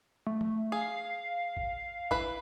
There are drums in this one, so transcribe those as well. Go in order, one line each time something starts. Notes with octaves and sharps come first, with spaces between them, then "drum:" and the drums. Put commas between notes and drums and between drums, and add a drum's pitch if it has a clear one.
A3
drum: tom
G#4 F5
drum: kick G#1
E4 B4, drum: kick G#1